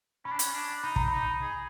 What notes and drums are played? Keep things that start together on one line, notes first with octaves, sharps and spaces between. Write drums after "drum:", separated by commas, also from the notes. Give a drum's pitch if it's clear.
C#4 B5
D4
C#4, drum: hi-hat
D4
D#4 B5
A#5, drum: kick
D#4 B5
G#4